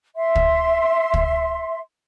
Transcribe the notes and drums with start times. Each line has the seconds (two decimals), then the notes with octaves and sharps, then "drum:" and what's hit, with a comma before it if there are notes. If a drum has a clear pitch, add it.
0.16 E5 C6
0.35 drum: kick
1.14 drum: kick